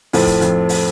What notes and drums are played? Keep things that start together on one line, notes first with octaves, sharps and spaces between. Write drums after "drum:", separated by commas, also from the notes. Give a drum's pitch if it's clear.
F2 A2 C4 A4 C5 A5, drum: open hi-hat
drum: kick C#1, hi-hat
F2, drum: hi-hat
drum: open hi-hat